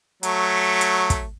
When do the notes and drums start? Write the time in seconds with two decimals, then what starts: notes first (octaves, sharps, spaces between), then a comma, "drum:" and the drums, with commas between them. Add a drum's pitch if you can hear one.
0.23 F#3 A3, drum: hi-hat
0.81 drum: hi-hat
1.10 drum: kick, hi-hat